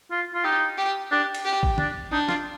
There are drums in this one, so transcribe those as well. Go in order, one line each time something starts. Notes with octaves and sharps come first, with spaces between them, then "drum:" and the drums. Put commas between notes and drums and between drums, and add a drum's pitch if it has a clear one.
F4
F4
D#4 G4
G4
D4 G4
drum: cymbal
G4
drum: kick
D4, drum: tom
D4 D#4
F4, drum: snare